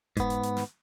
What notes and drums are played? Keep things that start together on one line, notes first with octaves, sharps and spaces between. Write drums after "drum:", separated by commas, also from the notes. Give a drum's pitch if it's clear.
G#2 B3, drum: kick F1, hi-hat
drum: hi-hat
drum: hi-hat
drum: snare